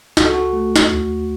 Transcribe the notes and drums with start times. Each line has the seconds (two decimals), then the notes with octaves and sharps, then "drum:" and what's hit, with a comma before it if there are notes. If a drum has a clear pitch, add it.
0.17 C#2 F#4, drum: snare
0.24 A4
0.34 F#4
0.53 A3
0.76 drum: snare
0.88 D#2